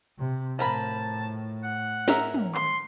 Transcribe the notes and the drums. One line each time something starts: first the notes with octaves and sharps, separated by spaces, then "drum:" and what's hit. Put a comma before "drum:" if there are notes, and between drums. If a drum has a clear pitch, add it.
C3
A2 F3 A#4 A5 B5
F#5
C#4 A#4 E5, drum: snare
drum: tom
C6, drum: clap